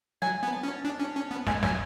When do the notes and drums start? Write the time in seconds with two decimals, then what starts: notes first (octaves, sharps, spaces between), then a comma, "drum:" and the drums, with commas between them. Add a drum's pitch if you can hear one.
0.22 F#3 G#5
0.43 B3
0.53 A5
0.63 C#4
0.85 D4
1.00 C#4
1.16 C#4
1.31 B3
1.47 G#3 G#5, drum: snare
1.63 F#3 G#5, drum: snare